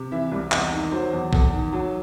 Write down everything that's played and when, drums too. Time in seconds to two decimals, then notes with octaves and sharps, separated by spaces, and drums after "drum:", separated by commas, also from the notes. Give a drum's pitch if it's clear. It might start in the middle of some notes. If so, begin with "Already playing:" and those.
Already playing: C3
0.12 E3 E5
0.31 C2
0.52 E2 D#5, drum: clap
0.72 D#3
0.92 F#3 C5
1.13 E2
1.33 E2 A4, drum: kick A#1
1.53 D#3
1.73 F#3